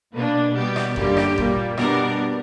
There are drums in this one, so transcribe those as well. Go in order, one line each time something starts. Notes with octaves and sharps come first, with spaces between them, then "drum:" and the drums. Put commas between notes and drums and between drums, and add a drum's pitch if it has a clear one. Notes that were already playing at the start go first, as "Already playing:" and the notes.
B2 A#3 D4 B4
B2 G3 B3 G4
drum: rim click
F#2 D3 G3 A#3 G4, drum: kick G1
drum: rim click
A#2 G3 A#3, drum: kick G1
B2 G3 B3 D4 A#4, drum: rim click